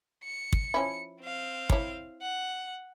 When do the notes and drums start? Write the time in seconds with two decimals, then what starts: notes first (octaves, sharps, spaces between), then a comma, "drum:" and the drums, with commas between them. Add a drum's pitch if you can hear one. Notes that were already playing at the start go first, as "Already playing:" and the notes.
0.24 C#7
0.53 drum: kick
0.74 F3 C#4 E4
1.22 C4 F5
1.70 E4 C#5, drum: kick
2.22 F#5